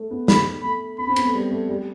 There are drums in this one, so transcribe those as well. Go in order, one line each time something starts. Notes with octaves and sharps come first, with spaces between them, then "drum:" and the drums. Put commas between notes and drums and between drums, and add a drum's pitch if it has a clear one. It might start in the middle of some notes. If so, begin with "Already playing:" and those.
Already playing: A3
B3
A3 B5, drum: snare
A3 B5
B3 B5
C4
B3, drum: cymbal
A3
G3
A3
G3